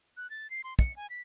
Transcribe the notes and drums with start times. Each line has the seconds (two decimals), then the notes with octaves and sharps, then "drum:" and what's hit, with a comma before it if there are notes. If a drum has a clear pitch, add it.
0.17 F#6
0.30 A6
0.50 C7
0.64 C6
0.79 C#7, drum: kick
0.96 G#5
1.10 B6